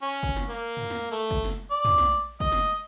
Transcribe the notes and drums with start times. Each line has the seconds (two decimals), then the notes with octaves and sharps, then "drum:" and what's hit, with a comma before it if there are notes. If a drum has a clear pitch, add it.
0.02 C#4
0.23 drum: kick
0.36 drum: snare
0.49 A#3
0.77 drum: tom
0.90 drum: snare
1.12 A3
1.31 drum: kick
1.44 drum: snare
1.71 D5
1.85 drum: tom
1.98 drum: snare
2.40 D#5, drum: kick
2.52 drum: snare